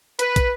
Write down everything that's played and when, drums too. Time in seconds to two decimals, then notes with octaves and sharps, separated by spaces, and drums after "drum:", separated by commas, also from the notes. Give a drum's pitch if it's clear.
0.19 B4, drum: hi-hat
0.36 drum: kick, hi-hat